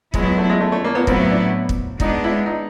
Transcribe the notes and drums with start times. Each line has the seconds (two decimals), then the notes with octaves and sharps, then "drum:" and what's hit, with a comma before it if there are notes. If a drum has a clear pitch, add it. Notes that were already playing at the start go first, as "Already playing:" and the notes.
0.14 F#3 G#3 B3 E4, drum: kick
0.25 G#3
0.38 A3
0.49 G#3
0.60 A3
0.72 A3
0.84 A#3
0.95 B3
1.07 A2 F#3 B3 C4 E4, drum: kick
1.30 D4
1.69 drum: kick
2.00 G#3 B3 D4 D#4, drum: kick
2.24 E4
2.46 D#4